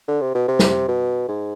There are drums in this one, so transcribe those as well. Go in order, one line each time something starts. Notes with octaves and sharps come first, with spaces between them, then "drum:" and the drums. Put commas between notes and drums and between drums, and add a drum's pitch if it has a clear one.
D3
C3
B2
C3
drum: snare
B2
G#2